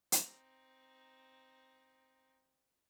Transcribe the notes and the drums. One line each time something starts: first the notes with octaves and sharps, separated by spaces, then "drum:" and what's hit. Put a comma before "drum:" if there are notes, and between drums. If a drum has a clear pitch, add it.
C4 D#4, drum: hi-hat